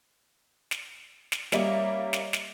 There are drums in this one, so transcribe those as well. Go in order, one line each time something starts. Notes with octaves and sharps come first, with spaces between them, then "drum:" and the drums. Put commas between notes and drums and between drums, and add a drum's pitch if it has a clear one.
drum: snare
drum: snare
G3 A#3 C#4 D#5 E5, drum: snare
drum: snare
drum: snare